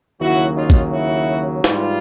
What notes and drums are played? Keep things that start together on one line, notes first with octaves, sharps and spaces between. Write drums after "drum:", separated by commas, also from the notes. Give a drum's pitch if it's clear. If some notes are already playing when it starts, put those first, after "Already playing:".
D#2 C#3 F#3 E4 F#4
D#4 F4
drum: kick A1
E4 F#4
G#2 E3 G3 D#4 F4, drum: snare